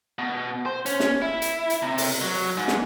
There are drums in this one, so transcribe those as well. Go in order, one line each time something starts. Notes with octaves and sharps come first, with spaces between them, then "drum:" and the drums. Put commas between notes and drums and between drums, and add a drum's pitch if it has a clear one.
B2
C5
C#4, drum: hi-hat
drum: snare
E4
drum: hi-hat
drum: hi-hat
C3
drum: open hi-hat
F#3
G#2
drum: snare